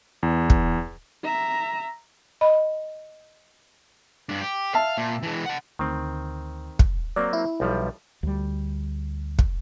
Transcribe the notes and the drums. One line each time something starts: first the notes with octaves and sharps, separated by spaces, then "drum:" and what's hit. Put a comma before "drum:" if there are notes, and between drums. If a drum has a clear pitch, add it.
E2
drum: kick
E5 A#5
D#5 B5
G2 D4
G4
E5 F5 A5
A#2
E3 G#3
F#5 A5
D2 D#3 C4
drum: kick
F#3 A#3 C4 D5
E4
B1 F3 G3
D2 G3
drum: kick